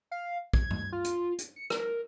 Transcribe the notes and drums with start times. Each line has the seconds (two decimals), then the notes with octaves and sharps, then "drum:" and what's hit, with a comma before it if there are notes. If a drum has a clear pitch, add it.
0.11 F5
0.53 G#6, drum: kick
0.70 drum: tom G2
0.92 F4
1.05 drum: hi-hat
1.39 drum: hi-hat
1.56 C#7
1.70 A#4, drum: rim click